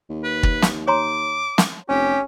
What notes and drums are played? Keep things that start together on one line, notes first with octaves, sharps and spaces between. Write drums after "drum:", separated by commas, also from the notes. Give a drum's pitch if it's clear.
D#2
B4
drum: kick
drum: snare
C#5 A#5 C6 D6
drum: snare
F1 C#4 G4